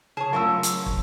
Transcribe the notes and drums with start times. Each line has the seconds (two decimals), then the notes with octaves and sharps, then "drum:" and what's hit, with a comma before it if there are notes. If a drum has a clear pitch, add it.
0.17 C#3 G#4 C#5 A5
0.33 F#3 A3 C#4 F4 A#4 C#6 E6
0.63 drum: hi-hat
0.86 drum: kick